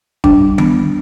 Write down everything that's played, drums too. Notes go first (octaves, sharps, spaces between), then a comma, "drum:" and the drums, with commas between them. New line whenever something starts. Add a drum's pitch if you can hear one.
G3 D4, drum: kick
B3, drum: tom D#3